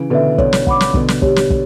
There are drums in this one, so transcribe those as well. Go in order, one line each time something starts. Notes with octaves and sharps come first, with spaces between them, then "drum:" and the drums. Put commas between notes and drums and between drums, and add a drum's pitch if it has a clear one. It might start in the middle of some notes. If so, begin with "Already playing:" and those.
Already playing: C#3 E3
B2 D3 B4 E5
B2 D3 C#5, drum: kick
drum: snare
F#5 B5 D6, drum: kick
drum: snare
B2 D3 D4, drum: kick
drum: snare
G4 C#5, drum: kick
drum: snare
drum: kick